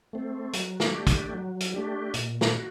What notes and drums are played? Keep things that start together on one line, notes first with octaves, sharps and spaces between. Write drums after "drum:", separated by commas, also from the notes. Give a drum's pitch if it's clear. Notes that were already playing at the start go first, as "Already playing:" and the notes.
A3 C4
F#3, drum: hi-hat
drum: snare
A3 D4 G4
drum: kick, hi-hat
F#3
drum: hi-hat
A3 D4 G4
A#2, drum: hi-hat
drum: snare
F#4